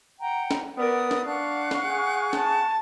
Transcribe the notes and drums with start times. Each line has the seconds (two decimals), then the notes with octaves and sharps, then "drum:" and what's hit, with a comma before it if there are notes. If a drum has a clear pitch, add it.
0.20 F#5 G5 A#5
0.51 drum: snare
0.77 B3 A#4 D5 D#6
1.11 drum: snare
1.26 D4 F5 F#5 C#6 F#6
1.71 drum: snare
1.85 G#4
2.33 A5, drum: snare